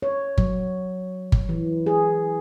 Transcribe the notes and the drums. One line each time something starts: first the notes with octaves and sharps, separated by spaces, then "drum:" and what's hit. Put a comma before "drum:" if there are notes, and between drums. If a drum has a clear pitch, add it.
C#5
F#3, drum: kick G1
drum: kick G1
E3
G#4